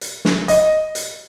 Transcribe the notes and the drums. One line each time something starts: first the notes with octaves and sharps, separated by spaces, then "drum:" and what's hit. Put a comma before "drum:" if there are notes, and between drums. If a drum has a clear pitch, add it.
drum: hi-hat
drum: snare
D#5, drum: hi-hat
drum: hi-hat